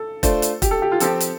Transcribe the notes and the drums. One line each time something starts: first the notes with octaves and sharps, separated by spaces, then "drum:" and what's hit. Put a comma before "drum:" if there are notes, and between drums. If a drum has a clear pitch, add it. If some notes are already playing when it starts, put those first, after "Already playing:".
Already playing: A4
A3 D4 F4 C5, drum: kick E1, hi-hat
drum: hi-hat
G4, drum: kick E1, hi-hat
A4
G4
F4
F3 C4 G4 A4, drum: hi-hat
drum: hi-hat